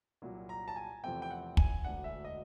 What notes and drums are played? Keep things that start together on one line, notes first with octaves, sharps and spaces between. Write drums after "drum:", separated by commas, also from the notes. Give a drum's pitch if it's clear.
C2 A#2 F#3
A#5
A5
G#5
E2 C3 F3 A3 C4 G5
G5
F#5
G#5, drum: kick
E1 D2 D3 F#5
E5
D#5